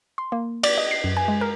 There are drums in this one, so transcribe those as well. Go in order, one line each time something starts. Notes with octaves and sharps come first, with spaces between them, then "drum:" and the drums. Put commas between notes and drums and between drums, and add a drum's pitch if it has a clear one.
C6
A#3
D5, drum: cymbal
D#5
C7
F#2
G#5
G#3
A#4